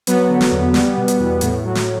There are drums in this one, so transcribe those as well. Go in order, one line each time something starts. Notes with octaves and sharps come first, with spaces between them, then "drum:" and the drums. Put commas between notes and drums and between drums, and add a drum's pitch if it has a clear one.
F#3 B3, drum: hi-hat
D3
drum: snare
E2
G3, drum: snare
B2
drum: hi-hat
E2
A2, drum: hi-hat
F#3
drum: snare